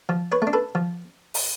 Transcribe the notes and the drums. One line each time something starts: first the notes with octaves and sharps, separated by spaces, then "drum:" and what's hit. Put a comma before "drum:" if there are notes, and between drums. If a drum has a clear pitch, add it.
F3
B4 C#5
A3
D4
A4 B4
F3
drum: open hi-hat